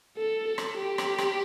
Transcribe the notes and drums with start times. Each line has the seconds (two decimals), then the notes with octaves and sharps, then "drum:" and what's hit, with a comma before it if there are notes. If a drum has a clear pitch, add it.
0.17 A4
0.48 A4
0.58 drum: rim click
0.78 G4
0.98 drum: rim click
1.18 drum: rim click